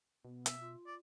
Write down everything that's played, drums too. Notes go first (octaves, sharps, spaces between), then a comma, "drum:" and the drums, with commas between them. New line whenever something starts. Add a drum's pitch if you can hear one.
B2 B3
E5, drum: hi-hat
F4
D5